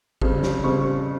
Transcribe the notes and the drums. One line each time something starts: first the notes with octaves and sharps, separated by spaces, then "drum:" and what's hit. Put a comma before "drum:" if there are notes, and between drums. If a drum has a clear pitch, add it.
F2 C#3 G3 C4, drum: kick
drum: snare
F2 C#3 G3 C4 C#6